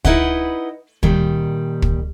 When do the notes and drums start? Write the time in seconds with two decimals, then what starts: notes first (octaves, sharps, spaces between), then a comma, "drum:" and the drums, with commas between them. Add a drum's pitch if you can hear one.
0.05 D#4 E4 B4 D#5 F#5, drum: kick
1.03 A#2 D#3 G3, drum: kick
1.82 drum: kick